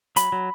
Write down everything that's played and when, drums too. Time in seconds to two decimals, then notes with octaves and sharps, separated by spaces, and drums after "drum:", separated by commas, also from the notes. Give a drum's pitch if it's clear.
0.16 F#3 B5, drum: hi-hat
0.32 F#3